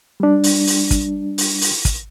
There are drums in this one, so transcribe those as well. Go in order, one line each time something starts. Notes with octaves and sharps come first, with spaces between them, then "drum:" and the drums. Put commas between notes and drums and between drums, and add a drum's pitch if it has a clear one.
G3 D4
drum: open hi-hat
drum: open hi-hat
drum: kick, hi-hat
drum: open hi-hat
drum: open hi-hat
drum: kick, hi-hat